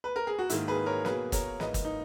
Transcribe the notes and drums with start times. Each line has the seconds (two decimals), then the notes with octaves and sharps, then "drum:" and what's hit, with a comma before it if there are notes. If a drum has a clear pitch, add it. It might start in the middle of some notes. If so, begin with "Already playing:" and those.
0.04 B4
0.16 A#4
0.27 G#4
0.39 F#4
0.50 G#2 D#3 A#3 E4, drum: hi-hat
0.68 G#4 B4
0.86 A#4 C#5
1.05 B2 F#3 A#3 G#4 B4, drum: snare
1.32 A#4 C#5, drum: kick, hi-hat
1.60 G#2 E3 A#3 B4 D#5, drum: snare
1.74 drum: kick, hi-hat
1.85 D#4